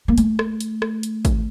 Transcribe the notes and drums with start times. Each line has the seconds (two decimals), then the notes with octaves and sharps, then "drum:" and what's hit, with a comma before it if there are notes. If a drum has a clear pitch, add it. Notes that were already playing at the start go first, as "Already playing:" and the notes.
0.08 A#3
0.18 A3, drum: hi-hat
0.39 drum: rim click
0.60 drum: hi-hat
0.82 drum: rim click
1.03 drum: hi-hat
1.25 drum: kick G#1, hi-hat